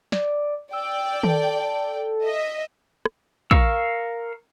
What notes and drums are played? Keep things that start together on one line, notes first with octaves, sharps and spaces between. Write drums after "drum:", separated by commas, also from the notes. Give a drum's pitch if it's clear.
D5, drum: snare
D5 G5 E6
A4, drum: tom D#3
D#5 E5
drum: rim click
A#4 F5 C#6 E6, drum: kick